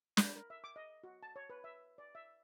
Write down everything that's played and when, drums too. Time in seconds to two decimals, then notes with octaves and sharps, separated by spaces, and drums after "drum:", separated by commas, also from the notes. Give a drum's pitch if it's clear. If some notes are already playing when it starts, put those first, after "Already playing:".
0.17 B5, drum: snare
0.36 A#4
0.50 E5
0.64 D6
0.76 D#5
1.04 F#4
1.23 A5
1.36 C#5
1.50 B4
1.64 E5
1.98 D5
2.15 E5